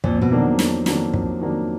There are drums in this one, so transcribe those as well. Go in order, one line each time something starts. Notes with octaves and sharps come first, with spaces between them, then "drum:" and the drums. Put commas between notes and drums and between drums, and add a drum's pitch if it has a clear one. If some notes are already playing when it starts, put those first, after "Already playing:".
F2 A#2, drum: kick
B2
D#3 F#3 A#3 D4
F2, drum: snare
D#3 F#3 A#3 D4, drum: snare
F2, drum: kick
D#3 F#3 A#3 D4